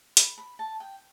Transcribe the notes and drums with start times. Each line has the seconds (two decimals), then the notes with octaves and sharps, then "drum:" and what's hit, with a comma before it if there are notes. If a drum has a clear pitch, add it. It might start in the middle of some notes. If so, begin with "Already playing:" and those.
0.17 B5, drum: hi-hat
0.38 B5
0.59 A5
0.80 G5